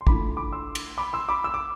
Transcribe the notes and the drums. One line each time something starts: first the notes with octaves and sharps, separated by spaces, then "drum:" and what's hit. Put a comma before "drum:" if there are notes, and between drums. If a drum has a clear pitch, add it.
C6
E3 A3 D4 F4 B5 D6, drum: kick
B5 D6
C6 E6
drum: cymbal
B5 D6
C6 E6
B5 D6
E6
D6